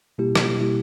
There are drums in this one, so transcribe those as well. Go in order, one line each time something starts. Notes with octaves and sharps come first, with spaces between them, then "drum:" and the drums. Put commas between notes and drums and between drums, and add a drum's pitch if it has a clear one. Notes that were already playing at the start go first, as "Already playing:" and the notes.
B2 G3 A#3 E4 G4
drum: rim click
B2 G3 A#3 E4 G4